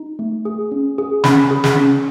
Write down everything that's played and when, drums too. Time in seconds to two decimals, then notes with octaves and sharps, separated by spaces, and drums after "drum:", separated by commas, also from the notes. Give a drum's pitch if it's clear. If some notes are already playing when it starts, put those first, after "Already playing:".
Already playing: D#4
0.19 A3
0.45 G#4
0.72 C#4
0.98 G#4
1.24 C#4 B5, drum: snare
1.51 G#4
1.64 drum: snare
1.76 C#4